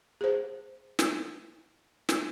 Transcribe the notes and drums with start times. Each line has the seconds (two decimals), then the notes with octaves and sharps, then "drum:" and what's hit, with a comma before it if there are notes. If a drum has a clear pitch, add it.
0.21 G#4 C5
0.99 drum: snare
2.09 drum: snare